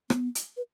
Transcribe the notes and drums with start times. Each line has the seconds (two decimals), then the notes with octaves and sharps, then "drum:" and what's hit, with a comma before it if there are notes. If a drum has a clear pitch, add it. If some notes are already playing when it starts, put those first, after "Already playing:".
0.10 B3, drum: rim click
0.35 drum: hi-hat
0.57 B4